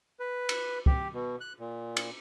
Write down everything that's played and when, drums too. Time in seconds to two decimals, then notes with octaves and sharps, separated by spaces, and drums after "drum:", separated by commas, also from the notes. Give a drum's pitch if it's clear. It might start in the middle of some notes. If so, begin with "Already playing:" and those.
0.20 B4
0.49 drum: cymbal
0.86 G4, drum: kick
1.14 B2
1.41 F#6
1.60 A#2
1.97 drum: cymbal